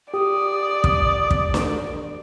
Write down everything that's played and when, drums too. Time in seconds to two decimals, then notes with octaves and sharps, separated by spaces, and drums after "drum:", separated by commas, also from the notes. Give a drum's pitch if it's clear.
0.14 G4 D5 D#6
0.84 drum: kick
1.31 drum: kick
1.54 drum: snare